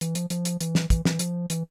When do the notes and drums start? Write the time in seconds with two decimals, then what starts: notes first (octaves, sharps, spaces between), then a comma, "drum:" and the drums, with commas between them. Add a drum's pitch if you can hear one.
0.01 E3, drum: hi-hat
0.15 F3, drum: hi-hat
0.30 F3, drum: hi-hat
0.45 drum: hi-hat
0.61 E3, drum: hi-hat
0.75 drum: snare
0.90 E3, drum: kick, hi-hat
1.05 E3, drum: snare
1.19 F3, drum: hi-hat
1.50 E3, drum: hi-hat